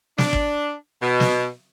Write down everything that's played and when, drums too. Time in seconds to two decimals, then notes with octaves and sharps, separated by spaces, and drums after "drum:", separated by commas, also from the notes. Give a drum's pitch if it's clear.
0.18 D4, drum: snare
0.33 drum: kick
1.02 B2
1.20 drum: snare